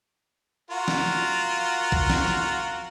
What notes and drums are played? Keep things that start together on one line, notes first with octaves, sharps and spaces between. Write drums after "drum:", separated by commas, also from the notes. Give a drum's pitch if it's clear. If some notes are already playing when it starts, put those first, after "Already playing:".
F4 F#4 A#4
drum: snare
drum: kick B1
drum: snare